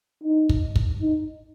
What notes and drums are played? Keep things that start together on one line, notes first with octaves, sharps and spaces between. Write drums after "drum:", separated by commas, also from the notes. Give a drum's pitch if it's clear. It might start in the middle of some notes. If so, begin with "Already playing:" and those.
D#4
drum: kick
drum: kick
D#4